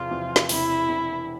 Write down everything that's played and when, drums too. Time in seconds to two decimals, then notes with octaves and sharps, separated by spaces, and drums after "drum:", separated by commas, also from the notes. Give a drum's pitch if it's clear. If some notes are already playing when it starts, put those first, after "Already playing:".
Already playing: E2 C3 F3 F4
0.10 E2 C3 F3
0.36 drum: snare
0.49 E1 E2 C3 E4, drum: open hi-hat
0.88 E1 E2 C3